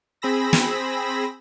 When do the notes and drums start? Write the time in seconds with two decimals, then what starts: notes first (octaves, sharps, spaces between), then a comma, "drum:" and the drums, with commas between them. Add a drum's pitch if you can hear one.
0.22 C4 G#4 B5 E6 A#6
0.53 drum: snare